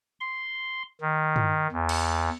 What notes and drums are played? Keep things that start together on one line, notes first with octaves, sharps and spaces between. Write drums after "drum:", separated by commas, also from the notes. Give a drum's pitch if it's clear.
C6
D#3
drum: tom G2
E2
drum: cymbal